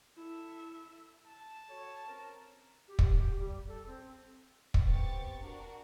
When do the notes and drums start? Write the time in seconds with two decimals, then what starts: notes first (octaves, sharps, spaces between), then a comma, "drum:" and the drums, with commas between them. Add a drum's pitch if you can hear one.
0.16 E4 A4 E5
1.26 A5
1.68 F#4 A4 C#5
2.07 C4 C#4 A#4
2.88 G4
2.99 drum: kick
3.17 G4
3.38 G3
3.68 A4
3.87 C4
4.74 drum: kick
4.85 B3 C4 G4 C#6 A6
5.40 D4 F#4 A#4